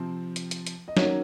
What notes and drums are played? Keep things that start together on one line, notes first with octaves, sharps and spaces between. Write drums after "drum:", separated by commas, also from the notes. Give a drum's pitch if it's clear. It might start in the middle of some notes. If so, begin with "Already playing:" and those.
Already playing: C3 F3 C4
drum: hi-hat
drum: hi-hat
drum: hi-hat
D#5
D#3 F#3 A#3 C#4 C#5, drum: snare